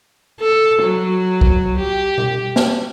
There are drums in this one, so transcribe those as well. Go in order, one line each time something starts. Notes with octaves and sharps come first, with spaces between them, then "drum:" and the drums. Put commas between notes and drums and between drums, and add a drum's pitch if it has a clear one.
A4
F#3
drum: kick
G4
drum: tom B2
drum: snare